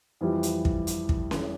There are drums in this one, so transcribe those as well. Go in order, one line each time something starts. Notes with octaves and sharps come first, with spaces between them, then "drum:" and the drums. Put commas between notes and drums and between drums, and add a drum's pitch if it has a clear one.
F2 E3 G3
drum: hi-hat
drum: kick
drum: hi-hat
drum: kick
drum: snare C#4